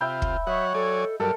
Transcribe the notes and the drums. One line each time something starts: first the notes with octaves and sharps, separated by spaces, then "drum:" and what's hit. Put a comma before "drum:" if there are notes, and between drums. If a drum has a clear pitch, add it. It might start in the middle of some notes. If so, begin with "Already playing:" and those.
C3 F4 E5 G5 B5
drum: kick
F#3 C#5 D#5 E5 F#5
F#3 A4 D5 G#5
G2 F#3 G3 A4 A#4